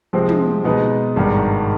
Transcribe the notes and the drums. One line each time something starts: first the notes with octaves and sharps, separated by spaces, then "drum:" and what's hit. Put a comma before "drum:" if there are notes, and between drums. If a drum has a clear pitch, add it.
C3 F3 G#3 C4
drum: tom
B2 G#3 B3 D#4
G#1 G2 D#3 G#3